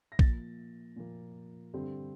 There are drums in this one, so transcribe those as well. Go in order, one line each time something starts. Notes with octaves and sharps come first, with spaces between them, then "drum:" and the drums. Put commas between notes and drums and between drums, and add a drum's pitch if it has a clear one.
A#6
A#2 F3 A#3 A6, drum: kick A#1
A#2 F3 A#3
G2 D3 G3 C4